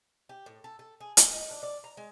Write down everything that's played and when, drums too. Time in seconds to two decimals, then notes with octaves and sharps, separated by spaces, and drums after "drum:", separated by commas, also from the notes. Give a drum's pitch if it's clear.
0.29 G4
0.46 A2
0.64 A4
0.79 A4
1.00 G#4
1.17 A4, drum: hi-hat
1.31 D#4
1.51 D4
1.63 D5
1.84 A#5
1.97 G#3